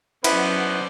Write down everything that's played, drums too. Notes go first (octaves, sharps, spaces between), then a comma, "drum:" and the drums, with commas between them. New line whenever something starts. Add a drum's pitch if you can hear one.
F#3 B3 C#4 E4 B4 C5 D5, drum: cymbal